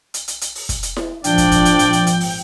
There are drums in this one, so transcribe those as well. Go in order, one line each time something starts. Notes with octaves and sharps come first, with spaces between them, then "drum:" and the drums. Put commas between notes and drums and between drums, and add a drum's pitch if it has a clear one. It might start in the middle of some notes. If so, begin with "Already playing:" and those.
drum: hi-hat
drum: hi-hat
drum: hi-hat
drum: open hi-hat
drum: kick, hi-hat
drum: hi-hat
drum: snare E4
G#1 A#2 F3 D4 D5 G5, drum: hi-hat
drum: kick, hi-hat
drum: kick, hi-hat
drum: hi-hat
drum: hi-hat
drum: hi-hat
drum: hi-hat
drum: open hi-hat